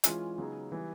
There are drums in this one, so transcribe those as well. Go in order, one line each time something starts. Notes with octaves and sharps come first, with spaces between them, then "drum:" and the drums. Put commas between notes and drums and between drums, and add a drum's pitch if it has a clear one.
E3 G#3 C#4 F4 G#4, drum: hi-hat
C#3 F#3 B3 D#4 G#4
E3 G3 B3